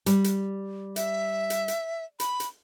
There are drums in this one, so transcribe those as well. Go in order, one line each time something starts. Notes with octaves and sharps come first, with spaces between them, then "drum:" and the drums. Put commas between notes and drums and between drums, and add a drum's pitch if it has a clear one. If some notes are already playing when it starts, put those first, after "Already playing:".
G3, drum: hi-hat
drum: hi-hat
E5, drum: hi-hat
drum: hi-hat
drum: hi-hat
B5, drum: hi-hat
drum: hi-hat